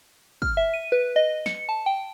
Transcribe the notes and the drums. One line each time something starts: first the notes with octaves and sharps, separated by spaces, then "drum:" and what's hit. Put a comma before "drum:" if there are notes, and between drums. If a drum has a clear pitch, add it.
F6, drum: kick
E5
D#7
B4
D#5
C#7, drum: snare
A5
G5